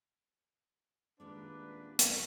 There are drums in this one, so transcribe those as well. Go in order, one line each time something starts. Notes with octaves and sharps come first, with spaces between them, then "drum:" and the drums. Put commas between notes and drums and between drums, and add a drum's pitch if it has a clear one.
D#1 D#3 G3 G#3 D4 B4
drum: hi-hat